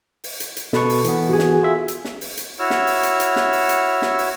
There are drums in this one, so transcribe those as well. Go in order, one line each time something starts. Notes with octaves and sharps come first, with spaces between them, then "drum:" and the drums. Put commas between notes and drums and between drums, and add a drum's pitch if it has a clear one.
drum: open hi-hat
drum: hi-hat
drum: hi-hat
B2 A4 B4 C#6, drum: snare
drum: open hi-hat
E3 B3, drum: hi-hat
F#4 G#4
drum: snare
F4 E5
drum: hi-hat
drum: snare
drum: open hi-hat
drum: hi-hat
E4 F#4 C#5 E6 F6
drum: snare
drum: open hi-hat
drum: hi-hat
drum: hi-hat
drum: snare
drum: open hi-hat
drum: hi-hat
drum: snare
drum: open hi-hat